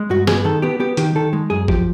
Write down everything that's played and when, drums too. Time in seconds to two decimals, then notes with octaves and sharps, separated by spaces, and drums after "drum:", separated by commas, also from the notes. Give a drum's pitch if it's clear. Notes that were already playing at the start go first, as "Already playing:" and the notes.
Already playing: G#3
0.10 G2 F#4
0.27 B3 G#4, drum: snare
0.45 D#3 A4
0.62 B3 G4
0.80 B3 G4
0.97 D#3 G4, drum: hi-hat
1.15 D#3 A4
1.33 G#3
1.50 F#2 G#4
1.68 F3 G4, drum: kick G1